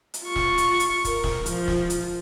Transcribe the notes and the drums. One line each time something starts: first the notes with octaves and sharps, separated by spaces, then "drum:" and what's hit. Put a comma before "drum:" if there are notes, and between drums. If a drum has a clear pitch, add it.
drum: hi-hat
F4 C#6
drum: snare
drum: hi-hat
drum: hi-hat
A#4, drum: kick, hi-hat
drum: snare
F3, drum: hi-hat
drum: snare
drum: hi-hat